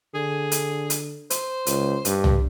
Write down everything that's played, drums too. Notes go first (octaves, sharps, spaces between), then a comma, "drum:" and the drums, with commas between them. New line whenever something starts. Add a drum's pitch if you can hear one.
D3 G#4
drum: hi-hat
drum: hi-hat
C5, drum: hi-hat
C#2, drum: hi-hat
G2, drum: hi-hat
drum: tom C2